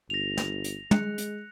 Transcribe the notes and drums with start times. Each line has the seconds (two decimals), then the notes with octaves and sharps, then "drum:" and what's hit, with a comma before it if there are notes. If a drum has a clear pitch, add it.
0.10 G1 A#6 F7
0.37 drum: snare
0.64 drum: hi-hat
0.91 G#3 F#6 C#7, drum: tom
1.18 drum: hi-hat